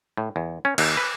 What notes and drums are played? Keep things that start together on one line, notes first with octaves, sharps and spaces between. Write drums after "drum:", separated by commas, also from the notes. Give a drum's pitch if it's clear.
A2
E2
C#4
D#2, drum: cymbal
B4